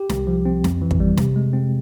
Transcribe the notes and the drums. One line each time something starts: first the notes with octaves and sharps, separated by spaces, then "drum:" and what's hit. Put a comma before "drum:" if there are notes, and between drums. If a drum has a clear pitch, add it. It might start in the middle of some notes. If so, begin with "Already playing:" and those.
Already playing: G4
C2, drum: snare
F3
C4
F2, drum: snare
E3
drum: kick
G3
C3, drum: snare
G#3
C4